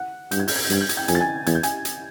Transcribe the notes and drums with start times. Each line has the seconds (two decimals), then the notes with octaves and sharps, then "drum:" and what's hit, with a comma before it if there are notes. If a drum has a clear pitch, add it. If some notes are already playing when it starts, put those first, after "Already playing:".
Already playing: F#5 F#6
0.31 G2 G6, drum: hi-hat
0.40 G#6
0.48 G6, drum: open hi-hat
0.56 G#6
0.65 G6
0.70 G2 G#6, drum: hi-hat
0.81 G6
0.89 G#6, drum: hi-hat
0.97 G5 G6
1.08 F2 G#5 G#6, drum: hi-hat
1.15 A6
1.21 G#5 G#6
1.46 E2 G#6, drum: hi-hat
1.55 G6
1.63 G#5 G#6, drum: hi-hat
1.85 drum: hi-hat